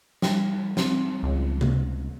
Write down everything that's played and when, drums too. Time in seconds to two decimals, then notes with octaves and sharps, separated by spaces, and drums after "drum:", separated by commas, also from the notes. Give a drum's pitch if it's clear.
0.22 G3, drum: snare
0.77 C4, drum: snare
1.23 C#2
1.61 drum: tom C3